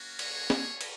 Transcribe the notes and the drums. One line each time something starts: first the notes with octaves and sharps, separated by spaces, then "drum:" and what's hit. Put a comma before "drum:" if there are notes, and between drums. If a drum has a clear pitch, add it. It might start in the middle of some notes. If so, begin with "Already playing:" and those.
Already playing: A#3 C#4 F#4
G#4 C#5, drum: cymbal
drum: snare
drum: cymbal